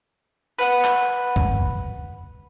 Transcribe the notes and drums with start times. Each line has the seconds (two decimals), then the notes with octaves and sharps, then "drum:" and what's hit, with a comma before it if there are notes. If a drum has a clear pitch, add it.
0.59 B4 F#5
0.84 drum: clap
1.36 drum: kick